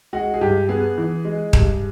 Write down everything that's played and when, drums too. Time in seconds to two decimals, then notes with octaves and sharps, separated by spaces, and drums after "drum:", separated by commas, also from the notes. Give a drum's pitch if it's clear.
0.13 G#3 F#4
0.34 G#4
0.41 G2 G4
0.69 B3 G#4
0.98 E3
1.25 G#3
1.53 G2, drum: kick D#1